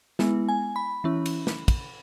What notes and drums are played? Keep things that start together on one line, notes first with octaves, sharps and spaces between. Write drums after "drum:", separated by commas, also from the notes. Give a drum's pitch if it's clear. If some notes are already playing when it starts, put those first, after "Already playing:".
G#3 B3 E4, drum: snare
G#5
B5
E3 C#4 E4
drum: cymbal
drum: snare
drum: kick, cymbal